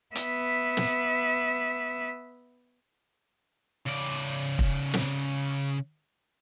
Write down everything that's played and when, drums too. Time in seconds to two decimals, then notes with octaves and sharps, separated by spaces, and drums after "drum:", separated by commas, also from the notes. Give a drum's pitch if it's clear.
0.15 B3 E5, drum: hi-hat
0.77 drum: snare
3.87 C#3 D5
4.59 drum: kick
4.94 drum: snare